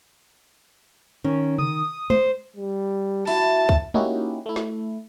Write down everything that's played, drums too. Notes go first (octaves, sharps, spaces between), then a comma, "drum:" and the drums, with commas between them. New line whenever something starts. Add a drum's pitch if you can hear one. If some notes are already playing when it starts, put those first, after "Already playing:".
D#3 C#4
D#6, drum: tom C3
C5, drum: tom G#3
G3
E4 F#4 A5, drum: open hi-hat
drum: kick
A#3 C#4 D#4 E4 F#4 G4, drum: tom G#3
A3 E4
drum: snare